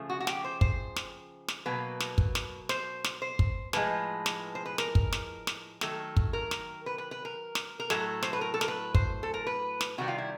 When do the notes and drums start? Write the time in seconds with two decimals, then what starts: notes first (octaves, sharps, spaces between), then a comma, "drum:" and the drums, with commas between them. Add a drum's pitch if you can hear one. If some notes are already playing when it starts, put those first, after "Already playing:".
Already playing: C#3 F3 A3
0.09 F#4
0.20 F#4
0.27 G4, drum: snare
0.44 C5
0.61 C5, drum: kick
0.96 drum: snare
1.48 drum: snare
1.66 B2 F#3 A#3 B4
2.00 drum: snare
2.18 drum: kick
2.35 drum: snare
2.69 C5, drum: snare
3.04 drum: snare
3.22 C5
3.39 drum: kick
3.73 A2 F3 G#3 B4, drum: snare
4.26 drum: snare
4.55 C5
4.66 B4
4.78 A#4, drum: snare
4.95 drum: kick
5.12 drum: snare
5.47 drum: snare
5.81 D#3 F#3 A3 A4, drum: snare
6.17 drum: kick
6.33 A#4
6.51 drum: snare
6.86 B4
6.98 B4
7.11 B4
7.25 A#4
7.55 drum: snare
7.80 A#4
7.90 A2 F#3 A3 A4, drum: snare
8.23 C5, drum: snare
8.33 B4
8.41 A#4
8.54 A4
8.61 A#4, drum: snare
8.68 B4
8.95 C5, drum: kick
9.23 A4
9.34 A#4
9.47 B4
9.81 drum: snare
9.98 C3 D#3 G3 F#4
10.08 F4
10.18 E4